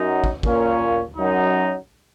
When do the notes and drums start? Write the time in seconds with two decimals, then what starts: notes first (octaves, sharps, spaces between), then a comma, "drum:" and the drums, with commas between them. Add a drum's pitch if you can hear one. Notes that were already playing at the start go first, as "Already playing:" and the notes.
Already playing: F#2 F#3 D#4
0.24 drum: kick
0.43 A#2 A#3 C#4, drum: kick
1.16 F#2 F#3 D#4